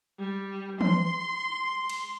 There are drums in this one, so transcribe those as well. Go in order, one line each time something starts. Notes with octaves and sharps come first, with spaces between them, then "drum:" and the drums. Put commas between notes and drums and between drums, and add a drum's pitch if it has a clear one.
G3
C6, drum: tom E3
drum: cymbal